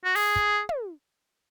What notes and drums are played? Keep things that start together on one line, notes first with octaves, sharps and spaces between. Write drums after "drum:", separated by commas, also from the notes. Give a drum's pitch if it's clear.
F#4
G#4, drum: open hi-hat
drum: kick
drum: tom